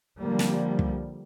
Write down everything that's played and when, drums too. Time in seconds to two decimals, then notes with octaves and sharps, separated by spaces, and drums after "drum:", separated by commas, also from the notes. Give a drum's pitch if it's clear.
0.19 D3 F3 G3 A#3
0.39 drum: snare
0.79 drum: kick